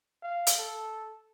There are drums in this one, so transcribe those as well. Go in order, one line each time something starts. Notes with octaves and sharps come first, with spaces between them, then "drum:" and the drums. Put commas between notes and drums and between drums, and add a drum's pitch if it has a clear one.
F5
drum: hi-hat
A4